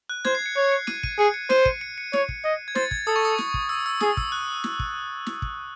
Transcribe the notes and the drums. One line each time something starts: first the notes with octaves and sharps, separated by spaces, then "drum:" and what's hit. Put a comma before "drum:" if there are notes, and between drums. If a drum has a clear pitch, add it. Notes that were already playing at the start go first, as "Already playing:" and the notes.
F#6
C5 G#6, drum: snare
C7
C#7
C#5 C#7
C#7
D#7, drum: snare
D#7, drum: kick
G#4 C#7
C#7
C5 D#7, drum: snare
D#7, drum: kick
C#7
C#7
C#5, drum: snare
drum: kick
D#5
G#6
C5 A6, drum: snare
G#6, drum: kick
A4 D#6
C#6
D#6
drum: snare
drum: kick
E6
E6
G#4 D#6, drum: snare
E6, drum: kick
F#6
drum: snare
drum: kick
drum: snare
drum: kick